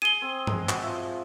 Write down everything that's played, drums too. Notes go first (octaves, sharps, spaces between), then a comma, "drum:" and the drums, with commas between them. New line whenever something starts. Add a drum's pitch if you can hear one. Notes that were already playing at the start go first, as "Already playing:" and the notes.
G#4 D#7 G7
C4
G#3, drum: tom G2
F#4, drum: clap
F3 E5